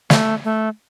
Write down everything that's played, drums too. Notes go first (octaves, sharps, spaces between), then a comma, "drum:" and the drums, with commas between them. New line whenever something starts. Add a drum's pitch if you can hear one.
A3, drum: snare
A3